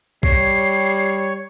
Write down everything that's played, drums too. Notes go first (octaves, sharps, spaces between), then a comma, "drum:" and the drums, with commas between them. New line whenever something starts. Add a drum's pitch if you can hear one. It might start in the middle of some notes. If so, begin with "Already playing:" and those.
G3 C#5 C7, drum: kick